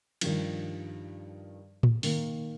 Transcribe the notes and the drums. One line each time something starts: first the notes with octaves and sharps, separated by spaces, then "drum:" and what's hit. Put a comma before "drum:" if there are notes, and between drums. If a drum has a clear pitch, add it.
G2 D#3 F3, drum: cymbal
drum: tom A2
D#3 A#3, drum: open hi-hat